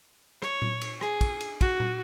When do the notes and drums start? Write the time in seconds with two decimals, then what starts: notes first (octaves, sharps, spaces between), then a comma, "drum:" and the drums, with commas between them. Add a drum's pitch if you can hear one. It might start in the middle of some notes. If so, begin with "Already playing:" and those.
0.42 C#5, drum: rim click
0.62 drum: tom A#2
0.81 drum: cymbal
1.01 G#4, drum: rim click
1.21 drum: kick, cymbal
1.41 drum: cymbal
1.61 F#4, drum: kick, cymbal
1.80 drum: tom A#2